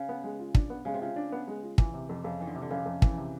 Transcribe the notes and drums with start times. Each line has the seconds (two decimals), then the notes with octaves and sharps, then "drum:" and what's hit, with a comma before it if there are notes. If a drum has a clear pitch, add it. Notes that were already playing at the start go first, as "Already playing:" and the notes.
Already playing: C#3
0.09 B3
0.24 G#3
0.39 F4
0.55 D4, drum: kick
0.70 B3
0.85 C#3 G#3
0.94 C3
1.01 C#3 F4
1.16 D4
1.32 B3
1.47 G#3
1.63 F4
1.78 E3, drum: kick
1.94 C3
2.09 F2
2.24 F2 C#3
2.40 D#3 E3
2.47 D3
2.55 C3
2.62 D3
2.71 F2 C#3
2.86 F2
3.02 E3, drum: kick
3.17 C3